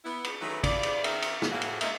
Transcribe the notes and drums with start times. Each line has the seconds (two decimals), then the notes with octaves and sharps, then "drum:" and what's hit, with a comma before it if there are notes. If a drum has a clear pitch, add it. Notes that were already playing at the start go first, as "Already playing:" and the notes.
0.05 B3 E4
0.24 drum: cymbal
0.40 D#3 E3 F#3 A3 B4
0.64 E4 F4 G4 D5, drum: kick, cymbal
0.83 drum: cymbal
1.04 D#3 C4 A#4 E5, drum: cymbal
1.22 drum: cymbal
1.42 drum: snare
1.51 F2 A2 A#3 F#4 G#4 F5
1.62 drum: cymbal
1.81 G#3 A#3 D#4 E5, drum: cymbal